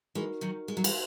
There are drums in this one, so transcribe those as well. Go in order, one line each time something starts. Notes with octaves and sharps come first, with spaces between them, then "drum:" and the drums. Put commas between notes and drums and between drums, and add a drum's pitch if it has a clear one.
E3 G#3 D#4 F#4 A#4
D#3 F#3
G#3
F#3
E3 G#3, drum: cymbal